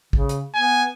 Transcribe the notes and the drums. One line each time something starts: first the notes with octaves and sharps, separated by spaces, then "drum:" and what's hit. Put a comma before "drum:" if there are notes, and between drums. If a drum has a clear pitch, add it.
C#3, drum: kick
drum: hi-hat
B3 G#5